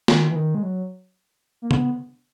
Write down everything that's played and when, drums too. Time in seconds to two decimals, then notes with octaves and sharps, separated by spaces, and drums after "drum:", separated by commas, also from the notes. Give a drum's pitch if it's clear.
0.08 D#3, drum: snare
0.31 E3
0.36 D#3
0.55 G#3
0.63 F#3
1.62 A#3
1.71 B3, drum: tom